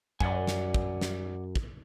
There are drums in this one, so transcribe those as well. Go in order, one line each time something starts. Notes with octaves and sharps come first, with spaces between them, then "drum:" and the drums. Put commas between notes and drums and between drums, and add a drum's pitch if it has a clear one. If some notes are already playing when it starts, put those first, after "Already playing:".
F#2 D5 F#5 G#5, drum: kick
drum: snare
drum: kick
drum: snare
drum: kick